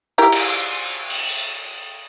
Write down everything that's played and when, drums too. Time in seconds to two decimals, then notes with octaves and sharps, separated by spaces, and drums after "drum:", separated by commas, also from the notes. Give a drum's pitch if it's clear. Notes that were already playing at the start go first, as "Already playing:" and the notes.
0.18 E4 G4 A#4
0.32 drum: cymbal
1.10 drum: open hi-hat
1.29 drum: tambourine